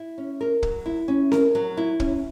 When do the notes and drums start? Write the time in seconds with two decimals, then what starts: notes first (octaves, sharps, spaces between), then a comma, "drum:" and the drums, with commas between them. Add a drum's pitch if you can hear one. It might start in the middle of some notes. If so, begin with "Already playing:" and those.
Already playing: E4
0.18 C#4
0.41 A#4
0.63 F#3, drum: kick
0.86 E4
1.08 C#4
1.32 A#4, drum: snare C4
1.55 F#3
1.77 E4
2.00 C#4, drum: kick